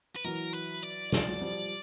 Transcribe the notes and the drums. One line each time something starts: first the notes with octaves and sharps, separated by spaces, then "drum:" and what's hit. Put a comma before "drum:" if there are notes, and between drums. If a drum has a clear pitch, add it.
B4
E3 F#3 A#4
B4
D5
F3 D5, drum: snare
F#3
F3 G3